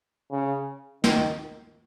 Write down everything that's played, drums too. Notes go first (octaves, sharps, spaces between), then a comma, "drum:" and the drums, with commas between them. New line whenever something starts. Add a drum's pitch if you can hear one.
C#3
D#3, drum: snare